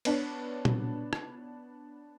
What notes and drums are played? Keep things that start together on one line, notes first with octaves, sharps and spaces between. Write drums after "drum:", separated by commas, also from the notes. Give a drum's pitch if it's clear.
B3 D4 C#5, drum: cymbal
drum: tom A#2
drum: rim click